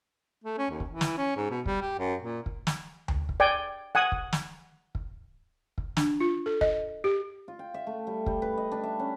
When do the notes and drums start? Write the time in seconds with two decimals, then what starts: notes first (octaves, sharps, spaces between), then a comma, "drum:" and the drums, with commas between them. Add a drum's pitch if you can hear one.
0.44 A3
0.58 C#4
0.70 D#2
0.80 drum: kick
0.90 E3
1.01 drum: snare
1.17 C#4
1.36 G#2
1.50 B2
1.66 G3, drum: kick
1.81 G4
1.98 F#2
2.22 A#2
2.46 drum: kick
2.67 drum: snare
3.08 drum: tom D2
3.29 drum: kick
3.40 D5 G5 G#5
3.95 F#5 G#5 D#6
4.12 drum: kick
4.33 drum: snare
4.95 drum: kick
5.78 drum: kick
5.97 D4, drum: snare
6.20 F4
6.46 A4
6.61 D#5, drum: kick
7.04 G4
7.48 F4
7.59 G5
7.74 E5
7.87 A3
8.07 G3
8.26 G3, drum: kick
8.42 B4
8.58 D#5
8.72 D4
8.84 E5
8.99 C#4